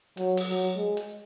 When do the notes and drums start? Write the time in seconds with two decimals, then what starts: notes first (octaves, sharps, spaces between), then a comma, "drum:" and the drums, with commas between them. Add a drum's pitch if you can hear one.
0.17 F#3, drum: hi-hat
0.37 drum: open hi-hat
0.48 F#3
0.76 G#3
0.97 drum: hi-hat